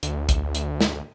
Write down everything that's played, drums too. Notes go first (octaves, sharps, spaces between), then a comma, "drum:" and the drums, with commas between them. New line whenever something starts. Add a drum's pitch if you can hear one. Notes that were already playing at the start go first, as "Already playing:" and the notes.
D2, drum: hi-hat
drum: kick A#1, hi-hat
drum: hi-hat
drum: snare